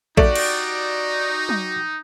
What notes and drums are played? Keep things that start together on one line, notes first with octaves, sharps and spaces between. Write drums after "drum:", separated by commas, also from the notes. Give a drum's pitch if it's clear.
A3 D#4 F#4 G4 D5, drum: kick A#1
drum: cymbal
drum: tom F#3